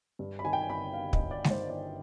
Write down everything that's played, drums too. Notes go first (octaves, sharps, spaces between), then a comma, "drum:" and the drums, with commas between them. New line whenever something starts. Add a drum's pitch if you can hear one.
G2
B5
D#3 G#5
G5
G#5
G1 B5
G1 F5
D#5, drum: kick
G2
D5
D#3, drum: snare G#3
C5
G1 D5